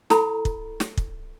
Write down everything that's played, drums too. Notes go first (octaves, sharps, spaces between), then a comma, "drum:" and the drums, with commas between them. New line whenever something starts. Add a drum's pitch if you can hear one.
E4 A4 A#5 B5, drum: snare
drum: kick
drum: snare
drum: kick